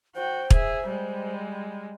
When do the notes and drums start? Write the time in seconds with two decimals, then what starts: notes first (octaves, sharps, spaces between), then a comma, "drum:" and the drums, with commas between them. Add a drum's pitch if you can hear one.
0.15 F#4 C5 G5
0.50 G#4 E5, drum: kick
0.87 G3 G#3